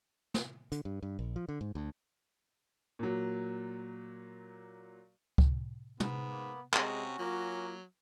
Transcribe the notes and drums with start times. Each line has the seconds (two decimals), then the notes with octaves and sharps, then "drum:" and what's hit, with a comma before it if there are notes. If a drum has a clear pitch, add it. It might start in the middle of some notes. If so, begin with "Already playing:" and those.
0.34 drum: snare
0.72 D3, drum: hi-hat
0.85 G2
1.03 G2
1.19 A#1
1.36 F3
1.49 D3
1.61 G#2
1.75 D2
2.99 A#2 F#3
5.38 drum: kick C#2
6.00 G#2 B3, drum: tom
6.31 A#3
6.74 C3 G#3 C#4 F#4, drum: clap
7.19 F#3 A#3 F4